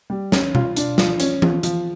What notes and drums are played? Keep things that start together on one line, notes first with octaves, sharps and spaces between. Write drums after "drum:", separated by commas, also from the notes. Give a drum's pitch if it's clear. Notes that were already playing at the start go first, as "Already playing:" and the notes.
G3
C#4, drum: snare
F4, drum: tom B2
D4, drum: hi-hat
F3, drum: snare
C#4, drum: hi-hat
F3, drum: tom E3
F3, drum: hi-hat